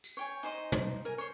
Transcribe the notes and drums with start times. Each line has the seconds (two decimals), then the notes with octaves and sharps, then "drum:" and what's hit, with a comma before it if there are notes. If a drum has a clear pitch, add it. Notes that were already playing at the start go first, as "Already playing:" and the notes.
0.04 drum: tambourine
0.17 C#5 G5 G#5
0.43 D#4 C5 D#5 C6
0.72 drum: tom
1.05 A#4 G#5
1.18 C5 C#5